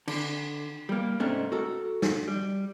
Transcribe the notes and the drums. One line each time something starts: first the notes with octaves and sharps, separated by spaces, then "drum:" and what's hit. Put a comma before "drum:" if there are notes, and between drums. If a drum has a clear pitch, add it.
D3, drum: cymbal
G3 A#3
G#2 C3 A3 C#4 D4
F#4 A4 A#4
drum: snare
G3